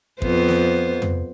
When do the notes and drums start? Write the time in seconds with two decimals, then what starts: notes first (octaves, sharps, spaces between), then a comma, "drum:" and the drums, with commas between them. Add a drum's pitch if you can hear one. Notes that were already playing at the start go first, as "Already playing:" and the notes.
0.22 F2 B3 C5, drum: kick
0.48 drum: snare
1.02 drum: tom